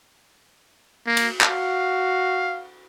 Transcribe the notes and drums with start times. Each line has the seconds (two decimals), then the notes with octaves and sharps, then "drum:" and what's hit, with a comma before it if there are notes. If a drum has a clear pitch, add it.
1.07 A#3
1.17 drum: cymbal
1.41 F#4 F5, drum: clap